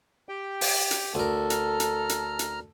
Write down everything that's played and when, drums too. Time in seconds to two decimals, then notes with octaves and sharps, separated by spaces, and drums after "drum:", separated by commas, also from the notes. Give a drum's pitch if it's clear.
0.29 G4 G5
0.61 drum: open hi-hat
0.91 drum: hi-hat
1.15 D2 A4 A#4
1.50 A#5 F6, drum: hi-hat
1.80 drum: hi-hat
2.09 drum: hi-hat
2.39 drum: hi-hat